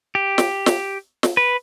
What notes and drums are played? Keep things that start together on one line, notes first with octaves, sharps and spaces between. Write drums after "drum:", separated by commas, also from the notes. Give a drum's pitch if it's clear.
G4
drum: snare
drum: snare
drum: snare
B4